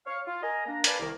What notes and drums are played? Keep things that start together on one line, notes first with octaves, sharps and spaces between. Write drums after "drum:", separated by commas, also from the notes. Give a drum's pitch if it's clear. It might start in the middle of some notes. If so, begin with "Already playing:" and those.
C#5 F5
F4
A#4 D#5 G#5 A#5
A#3 D4 A#5
A#4 B4 D5 F5 G#5 A5, drum: hi-hat
C2 D#3 A#3